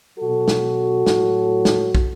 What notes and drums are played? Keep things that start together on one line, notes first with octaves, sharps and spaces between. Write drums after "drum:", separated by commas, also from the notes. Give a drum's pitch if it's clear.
B2 F#3 F#4 A4
drum: snare
A2 F#3, drum: snare
drum: snare
drum: kick